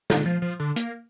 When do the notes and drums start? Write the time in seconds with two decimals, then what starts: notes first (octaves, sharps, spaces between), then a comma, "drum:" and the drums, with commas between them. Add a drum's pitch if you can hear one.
0.10 D3, drum: snare
0.26 F3
0.42 F3
0.60 D3
0.76 A#3, drum: hi-hat